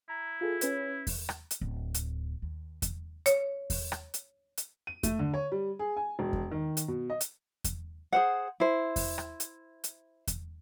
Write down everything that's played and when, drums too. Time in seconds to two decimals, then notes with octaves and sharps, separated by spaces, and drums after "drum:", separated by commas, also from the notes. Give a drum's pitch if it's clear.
0.09 E4 A#5
0.41 F4 G#4 A4
0.61 C#4 B4 C#5, drum: hi-hat
1.07 drum: kick E2, open hi-hat
1.29 drum: rim click
1.51 drum: hi-hat
1.61 D1
1.94 drum: hi-hat
2.42 D#2
2.82 drum: kick E2, hi-hat
3.26 C#5, drum: hi-hat
3.70 drum: kick E2, open hi-hat
3.92 drum: rim click
4.14 drum: hi-hat
4.57 drum: hi-hat
4.87 D#7
5.03 A3, drum: kick E2, hi-hat
5.19 D3
5.34 C#5
5.52 G3
5.79 G#4
5.97 G#5
6.19 E1
6.33 drum: kick E2
6.51 D#3
6.77 drum: hi-hat
6.88 B2
7.10 D#5
7.21 drum: hi-hat
7.64 drum: kick E2, hi-hat
8.12 G#4 C5 F#5
8.60 E4 C5
8.96 drum: kick E2, open hi-hat
9.18 drum: rim click
9.40 drum: hi-hat
9.84 drum: hi-hat
10.27 drum: kick E2, hi-hat